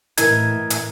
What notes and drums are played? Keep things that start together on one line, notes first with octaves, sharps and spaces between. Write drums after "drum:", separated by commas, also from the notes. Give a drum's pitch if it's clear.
A2 E3 A#4 D#5 G#6, drum: hi-hat
drum: hi-hat